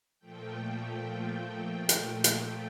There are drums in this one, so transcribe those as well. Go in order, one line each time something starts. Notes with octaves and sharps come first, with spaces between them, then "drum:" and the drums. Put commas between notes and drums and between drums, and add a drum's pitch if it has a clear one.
A#2 F3 A3 G5
drum: hi-hat
G5, drum: hi-hat